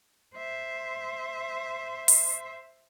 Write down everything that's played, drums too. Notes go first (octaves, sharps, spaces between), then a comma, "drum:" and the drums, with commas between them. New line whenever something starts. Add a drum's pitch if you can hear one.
C5 E5
drum: open hi-hat